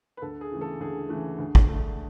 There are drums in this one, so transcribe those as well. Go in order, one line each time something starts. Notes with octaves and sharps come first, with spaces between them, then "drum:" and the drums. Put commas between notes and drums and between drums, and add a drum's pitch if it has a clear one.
B4
D2 A4
G#4
C#3 E3 A3
A4
D2 G#4
C#3 E3 A3
D2
drum: kick
D3 A3